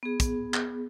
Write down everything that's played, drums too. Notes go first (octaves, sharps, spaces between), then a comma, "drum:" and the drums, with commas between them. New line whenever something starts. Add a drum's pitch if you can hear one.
B3 G#4
drum: kick, hi-hat
drum: clap